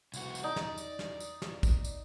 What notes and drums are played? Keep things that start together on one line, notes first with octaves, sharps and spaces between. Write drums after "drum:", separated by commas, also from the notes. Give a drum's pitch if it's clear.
C2 F#4, drum: tambourine
drum: tambourine
D#4 D5
drum: snare
drum: tambourine
drum: snare
drum: tambourine
drum: snare
drum: kick, tambourine
drum: tambourine